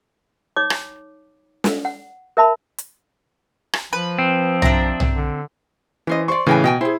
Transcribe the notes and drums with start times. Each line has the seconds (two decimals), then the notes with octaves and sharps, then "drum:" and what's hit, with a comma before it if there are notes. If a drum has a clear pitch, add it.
0.56 D#4 C#5 D6
0.70 drum: rim click
1.64 drum: snare
1.85 F#5
2.37 A#4 E5 A5 B5
2.78 drum: hi-hat
3.73 drum: rim click
3.93 F3 B4
4.19 C4
4.62 D4 E5 A#5, drum: tom B1
5.00 drum: tom B1
5.16 D3
6.07 E3 C#4 C5 D#5
6.28 C5 D5 C6 C#6
6.46 A2 C#3 E3 B4 G5 G#5
6.64 B2 D#5 G5 G#5
6.81 E4 G#4 C5